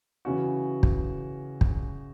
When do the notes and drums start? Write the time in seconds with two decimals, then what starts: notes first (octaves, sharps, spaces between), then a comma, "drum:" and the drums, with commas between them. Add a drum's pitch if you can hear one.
0.25 C#3 E3 C#4 F#4
0.83 drum: kick
1.61 drum: kick